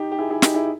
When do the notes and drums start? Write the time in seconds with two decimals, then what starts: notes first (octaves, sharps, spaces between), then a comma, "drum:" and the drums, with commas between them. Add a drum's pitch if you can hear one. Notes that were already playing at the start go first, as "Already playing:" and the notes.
Already playing: D#4 G4
0.12 G4
0.18 E4 G#4
0.30 E4 G#4
0.42 D#4 G4, drum: snare
0.54 E4 G#4